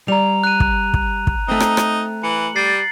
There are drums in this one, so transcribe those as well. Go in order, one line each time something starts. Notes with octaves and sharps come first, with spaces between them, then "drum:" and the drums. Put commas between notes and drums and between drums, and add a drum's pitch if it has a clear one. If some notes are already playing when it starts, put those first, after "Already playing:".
G3 A#5 F7
F#6 D#7
drum: kick
drum: kick
drum: kick
A3 C4 D#4
drum: rim click
drum: rim click
E3 C#7 F#7
G3 A6 C7